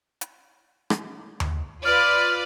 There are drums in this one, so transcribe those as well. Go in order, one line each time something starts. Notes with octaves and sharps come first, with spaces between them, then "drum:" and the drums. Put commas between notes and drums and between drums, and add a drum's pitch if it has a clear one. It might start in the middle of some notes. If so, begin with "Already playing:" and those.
drum: hi-hat
drum: rim click
drum: tom D#2
F4 B4 D5 F6